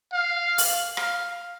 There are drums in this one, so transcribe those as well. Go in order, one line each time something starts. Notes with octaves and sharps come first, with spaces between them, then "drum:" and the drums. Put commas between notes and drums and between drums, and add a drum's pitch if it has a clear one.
F5
drum: open hi-hat
F5, drum: rim click